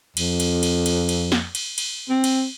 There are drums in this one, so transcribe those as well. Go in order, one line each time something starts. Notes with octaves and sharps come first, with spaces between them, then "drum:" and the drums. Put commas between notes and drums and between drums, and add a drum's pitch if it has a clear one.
F2, drum: cymbal
drum: cymbal
drum: cymbal
drum: cymbal
drum: cymbal
drum: snare
drum: cymbal
drum: cymbal
C4
drum: cymbal